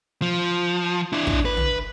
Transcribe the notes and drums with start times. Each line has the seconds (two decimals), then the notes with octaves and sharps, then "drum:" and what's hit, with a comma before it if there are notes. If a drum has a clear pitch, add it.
0.22 F3
1.13 D4 E4
1.27 drum: kick
1.45 B4
1.57 drum: tom